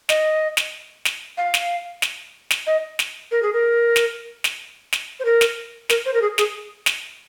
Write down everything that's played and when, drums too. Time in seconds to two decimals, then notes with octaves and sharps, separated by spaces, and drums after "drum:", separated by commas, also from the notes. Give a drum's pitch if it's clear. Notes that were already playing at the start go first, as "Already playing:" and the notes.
0.09 D#5, drum: snare
0.57 drum: snare
1.05 drum: snare
1.37 F5
1.54 drum: snare
2.02 drum: snare
2.50 drum: snare
2.67 D#5
2.99 drum: snare
3.31 A#4
3.42 G#4
3.53 A#4
3.96 drum: snare
4.44 drum: snare
4.93 drum: snare
5.20 C5
5.25 A#4
5.41 drum: snare
5.89 A#4, drum: snare
6.06 C5
6.14 A#4
6.22 G#4
6.38 G#4, drum: snare
6.86 drum: snare